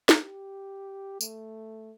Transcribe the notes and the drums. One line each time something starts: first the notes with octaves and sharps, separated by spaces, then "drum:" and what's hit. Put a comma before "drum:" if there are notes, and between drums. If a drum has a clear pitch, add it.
drum: snare
G4
A3, drum: tambourine